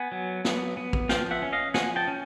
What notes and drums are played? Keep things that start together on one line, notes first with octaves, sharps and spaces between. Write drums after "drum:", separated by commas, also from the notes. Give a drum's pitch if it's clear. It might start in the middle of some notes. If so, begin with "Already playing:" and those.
Already playing: B3 F#5 G#5
F#3
B3, drum: snare
B3
drum: kick
F3 F5 G5, drum: snare
E5 F#5
C#4
D#5 F5
F3 F#5 G#5, drum: snare
G5 A5
C#4